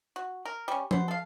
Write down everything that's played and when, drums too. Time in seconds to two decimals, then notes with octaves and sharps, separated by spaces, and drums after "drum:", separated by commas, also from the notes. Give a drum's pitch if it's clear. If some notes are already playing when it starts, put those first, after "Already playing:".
0.16 F#4
0.45 A#4
0.68 G3 C#4
0.91 B3 C5, drum: tom F3
1.08 A4 F5